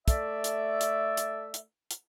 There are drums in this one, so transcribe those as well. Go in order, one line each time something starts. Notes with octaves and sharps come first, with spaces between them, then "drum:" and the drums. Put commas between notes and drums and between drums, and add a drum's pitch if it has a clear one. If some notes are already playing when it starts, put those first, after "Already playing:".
A3 D5 E5, drum: kick, hi-hat
drum: hi-hat
drum: hi-hat
drum: hi-hat
drum: hi-hat
drum: hi-hat